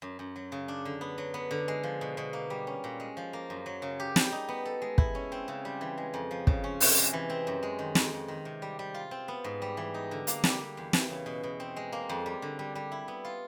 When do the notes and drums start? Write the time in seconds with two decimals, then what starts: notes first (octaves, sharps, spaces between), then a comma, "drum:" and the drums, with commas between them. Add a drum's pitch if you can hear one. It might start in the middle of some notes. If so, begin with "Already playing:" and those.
0.02 F#2
0.19 F#2
0.36 F#3
0.52 C#3
0.68 D4
0.85 D3
1.01 B3
1.18 F#3
1.34 B3
1.51 D3
1.68 G#3
1.84 F3
2.01 B2
2.17 B2
2.33 A#3
2.50 G3
2.67 C#4
2.84 A#2
3.00 G#3
3.17 F3
3.33 A#3
3.50 F#2
3.66 F#3
3.82 C#3
4.00 G4
4.16 G3, drum: snare
4.32 D#4
4.49 B3
4.65 A4
4.82 G#3
4.98 E4, drum: kick
5.15 C#4
5.32 C4
5.48 C#3
5.65 G3
5.81 E3
5.98 G#3
6.14 F2
6.31 F3
6.47 C#3, drum: kick
6.64 C#4
6.80 C3, drum: open hi-hat
6.97 G#3
7.13 E3
7.30 C4
7.47 F#2
7.63 G#3
7.79 D#3
7.95 F2, drum: snare
8.13 F2
8.28 D#3
8.45 C3
8.62 G3
8.79 G3
8.94 F4
9.11 C4
9.28 B3
9.44 G#2
9.62 G3
9.77 E3
9.94 D#4
10.11 D3
10.27 A#3, drum: hi-hat
10.44 G3, drum: snare
10.60 G3
10.77 E2
10.93 E3, drum: snare
11.10 C#3
11.26 B2
11.43 B2
11.60 C4
11.77 G#3
11.92 A#3
12.09 F2
12.26 G3
12.42 D3
12.59 G3
12.75 G3
12.92 E4
13.08 B3
13.25 F4